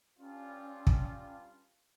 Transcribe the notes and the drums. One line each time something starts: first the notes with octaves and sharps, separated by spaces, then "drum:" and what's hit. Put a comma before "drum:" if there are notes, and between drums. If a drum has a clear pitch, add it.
G2 C#4 F4
drum: kick